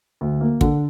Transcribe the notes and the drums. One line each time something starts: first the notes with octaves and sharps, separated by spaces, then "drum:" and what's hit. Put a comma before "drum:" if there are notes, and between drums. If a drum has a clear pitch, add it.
D2
A#3
D3, drum: kick